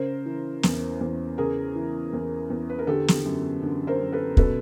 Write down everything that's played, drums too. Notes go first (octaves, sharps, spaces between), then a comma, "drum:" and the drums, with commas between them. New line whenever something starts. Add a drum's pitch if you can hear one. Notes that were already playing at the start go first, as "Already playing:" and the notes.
Already playing: C#3 A#4 C5
E3
E2, drum: snare
E2
C#3 G#4 A#4
E3
E2
E2
B4
A#4
D3 G4 A4
drum: snare
F#2
D3
A#4 C5
F#2
A4 B4
B2 A4 B4, drum: kick